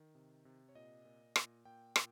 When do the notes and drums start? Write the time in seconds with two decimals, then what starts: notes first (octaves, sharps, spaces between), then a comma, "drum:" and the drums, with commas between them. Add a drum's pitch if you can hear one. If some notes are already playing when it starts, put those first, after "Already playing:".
Already playing: D#3
0.15 C3
0.45 C3
0.69 C#5
0.75 A#2 D#5
1.05 A#2
1.36 A#2, drum: rim click
1.65 A#2 G5
1.96 A#2, drum: rim click